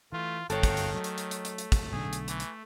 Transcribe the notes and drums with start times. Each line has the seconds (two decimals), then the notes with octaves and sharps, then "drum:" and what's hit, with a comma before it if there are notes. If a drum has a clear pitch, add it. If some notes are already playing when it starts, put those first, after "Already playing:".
0.12 E3 A3 F4
0.50 G1 D#3 F#4 A4 C#5 F5 G5, drum: hi-hat
0.63 drum: kick, hi-hat
0.77 drum: hi-hat
0.94 F#3 A3
1.04 drum: hi-hat
1.18 drum: hi-hat
1.31 drum: hi-hat
1.45 drum: hi-hat
1.58 drum: hi-hat
1.72 drum: kick, hi-hat
1.92 B1 D3 G#4
2.13 drum: hi-hat
2.28 E3, drum: hi-hat
2.40 drum: hi-hat